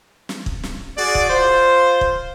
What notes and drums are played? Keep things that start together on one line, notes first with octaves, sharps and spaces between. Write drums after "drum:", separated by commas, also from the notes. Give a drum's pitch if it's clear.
drum: snare
drum: kick
drum: snare
F#4 G#4 D5
drum: kick
F4 C5
drum: kick